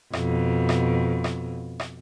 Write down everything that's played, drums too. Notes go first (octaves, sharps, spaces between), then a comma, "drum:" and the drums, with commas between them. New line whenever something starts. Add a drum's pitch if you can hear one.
F2 B2, drum: rim click
drum: rim click
drum: rim click
drum: rim click